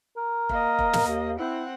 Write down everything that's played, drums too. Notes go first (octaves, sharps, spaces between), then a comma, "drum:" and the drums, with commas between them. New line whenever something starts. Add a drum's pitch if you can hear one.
A#4
A#3 D#5, drum: kick F1
drum: kick F1
drum: snare
D#2
C4 E4 F#5